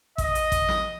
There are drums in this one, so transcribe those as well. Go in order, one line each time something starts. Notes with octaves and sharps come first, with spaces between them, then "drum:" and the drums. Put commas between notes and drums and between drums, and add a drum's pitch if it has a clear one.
D#5, drum: kick A1, hi-hat
drum: hi-hat
drum: kick A1, hi-hat
drum: snare